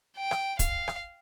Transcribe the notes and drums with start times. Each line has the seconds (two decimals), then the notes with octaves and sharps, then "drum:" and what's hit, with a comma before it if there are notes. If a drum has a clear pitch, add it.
0.17 G5
0.31 drum: rim click
0.59 F5, drum: kick, hi-hat
0.88 drum: rim click